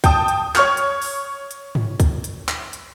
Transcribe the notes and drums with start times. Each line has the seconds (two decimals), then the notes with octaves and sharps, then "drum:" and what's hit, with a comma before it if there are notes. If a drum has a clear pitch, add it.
0.04 G5 A5 D#6, drum: kick C2, hi-hat
0.28 drum: hi-hat
0.56 C#5 C#6 F6, drum: clap
0.77 drum: hi-hat
1.02 drum: open hi-hat
1.51 drum: hi-hat
1.75 drum: tom G#2
2.00 drum: kick C2, hi-hat
2.24 drum: hi-hat
2.49 drum: clap
2.73 drum: hi-hat